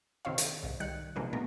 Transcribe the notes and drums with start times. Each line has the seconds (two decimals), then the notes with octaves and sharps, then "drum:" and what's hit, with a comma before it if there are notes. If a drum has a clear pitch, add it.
0.25 C3 D#3 C4 C5 C#5 F5
0.38 drum: hi-hat
0.63 C2 G#2
0.80 D#3 G3 F#6 C#7
1.16 C3 F3 G#3 A#3 B3 D4
1.33 B2 A3 B3 A#4